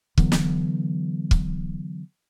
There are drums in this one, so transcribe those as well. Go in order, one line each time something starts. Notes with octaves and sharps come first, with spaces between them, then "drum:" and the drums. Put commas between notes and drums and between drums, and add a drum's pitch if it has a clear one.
D3 E3 F#3 B3, drum: kick
drum: snare
drum: kick